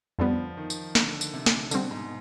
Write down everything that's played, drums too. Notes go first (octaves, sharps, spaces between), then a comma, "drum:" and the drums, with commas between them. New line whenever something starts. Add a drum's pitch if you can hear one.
F2 D3 F3 G3 B3
D#3
drum: tambourine
D3, drum: snare
drum: tambourine
C3
drum: snare
B2 D3 G3 C4, drum: tambourine
G#2